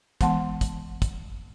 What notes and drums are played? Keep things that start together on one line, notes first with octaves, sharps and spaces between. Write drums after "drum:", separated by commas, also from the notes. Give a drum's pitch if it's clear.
E3 G#3 B3 F#5 A5 C6, drum: kick, hi-hat
drum: kick, hi-hat
drum: kick, hi-hat